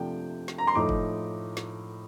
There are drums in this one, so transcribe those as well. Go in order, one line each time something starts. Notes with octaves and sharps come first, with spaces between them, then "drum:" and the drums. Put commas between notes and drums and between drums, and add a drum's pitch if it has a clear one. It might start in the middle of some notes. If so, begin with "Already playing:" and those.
Already playing: C3 F3 A3 D4 G5
drum: snare
A#5
C6
A2 F3 A3 D#4 D6
drum: kick F#1
drum: snare